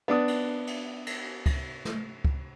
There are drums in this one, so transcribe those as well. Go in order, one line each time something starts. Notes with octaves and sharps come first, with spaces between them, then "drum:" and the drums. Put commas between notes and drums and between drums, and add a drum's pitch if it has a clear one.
B3 D4 D#6
drum: cymbal
drum: cymbal
drum: cymbal
drum: kick, cymbal
drum: snare
drum: kick